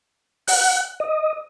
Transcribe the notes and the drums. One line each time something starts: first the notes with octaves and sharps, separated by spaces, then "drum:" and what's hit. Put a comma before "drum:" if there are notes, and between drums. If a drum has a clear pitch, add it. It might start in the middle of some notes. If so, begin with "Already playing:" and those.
F#5, drum: open hi-hat
D#5